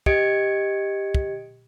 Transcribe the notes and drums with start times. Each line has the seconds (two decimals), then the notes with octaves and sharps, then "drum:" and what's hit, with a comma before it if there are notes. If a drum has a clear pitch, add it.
0.06 G4 D#5 G#6 C#7 D7, drum: kick
1.15 drum: kick